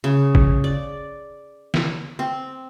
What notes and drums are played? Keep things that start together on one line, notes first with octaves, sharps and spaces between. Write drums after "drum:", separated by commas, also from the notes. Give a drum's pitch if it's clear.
C#3
drum: kick G1
D5
drum: snare
C4